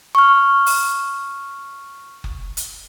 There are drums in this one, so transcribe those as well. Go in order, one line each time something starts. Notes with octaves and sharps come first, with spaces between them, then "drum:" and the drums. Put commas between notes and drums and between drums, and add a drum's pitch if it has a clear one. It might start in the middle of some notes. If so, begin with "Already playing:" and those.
C#6 F6
drum: open hi-hat
drum: kick F#1
drum: hi-hat